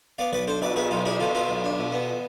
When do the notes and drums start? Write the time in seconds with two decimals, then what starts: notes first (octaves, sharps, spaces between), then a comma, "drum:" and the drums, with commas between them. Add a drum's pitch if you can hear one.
0.18 B3 D5 F5
0.33 B1 B4 D5
0.47 D4 A4 C5
0.62 B2 B4 D5, drum: cymbal
0.76 B3 G#4 B4, drum: cymbal
0.91 B1 F4 A4
1.05 D4 E4 G#4
1.20 B2 F4 A4
1.35 B3 F4 A4
1.49 B1
1.64 D4
1.79 B2
1.92 B3